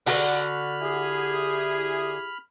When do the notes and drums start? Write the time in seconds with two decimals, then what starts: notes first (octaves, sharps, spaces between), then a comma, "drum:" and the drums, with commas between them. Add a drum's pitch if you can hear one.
0.06 D3 F#4 B5 F6, drum: open hi-hat
0.82 E4 G4 G#4